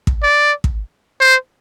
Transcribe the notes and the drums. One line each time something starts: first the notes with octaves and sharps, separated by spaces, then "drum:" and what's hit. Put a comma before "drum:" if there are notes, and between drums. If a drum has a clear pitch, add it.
drum: kick
D5
drum: kick
C5